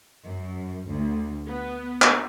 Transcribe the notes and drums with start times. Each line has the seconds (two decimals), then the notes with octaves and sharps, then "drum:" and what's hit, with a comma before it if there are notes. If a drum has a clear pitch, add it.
0.24 F#2
0.88 D2
1.48 B3
2.02 drum: clap